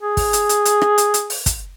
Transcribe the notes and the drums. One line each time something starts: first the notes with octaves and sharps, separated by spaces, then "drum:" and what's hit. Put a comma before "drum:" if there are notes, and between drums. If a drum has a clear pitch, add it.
G#4
drum: kick, open hi-hat
drum: hi-hat
drum: hi-hat
drum: hi-hat
drum: rim click
drum: hi-hat
drum: hi-hat
drum: open hi-hat
drum: kick, hi-hat